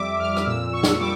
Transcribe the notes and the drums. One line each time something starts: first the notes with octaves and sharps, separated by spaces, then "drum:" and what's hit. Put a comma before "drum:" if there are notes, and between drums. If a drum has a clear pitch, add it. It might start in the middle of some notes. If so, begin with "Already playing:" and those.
Already playing: F2 G3 E5 D6
F2 F6
drum: rim click
A#2 E6
A#2 C#6
drum: snare
G3 D6